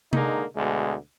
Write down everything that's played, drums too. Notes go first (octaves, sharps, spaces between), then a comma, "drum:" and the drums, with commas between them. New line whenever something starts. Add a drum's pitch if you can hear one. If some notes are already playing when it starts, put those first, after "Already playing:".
D3 G#3 A#3 D#4, drum: tom C3
D2 B2 G#3